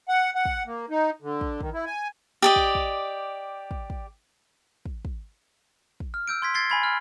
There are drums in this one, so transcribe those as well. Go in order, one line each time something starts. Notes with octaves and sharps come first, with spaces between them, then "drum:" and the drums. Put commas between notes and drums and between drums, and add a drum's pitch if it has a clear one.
F#5
F#5
drum: kick
A#3
D#4
D3
drum: kick
D#3, drum: kick
E4
G#5
G4 D5 D#5
drum: kick
drum: kick
drum: kick
drum: kick
drum: kick
drum: kick
drum: kick
F6
E6 G6 D7
C6 G#6 B6
G#6 A6 C7 G7
G#5 B5 G#6
F6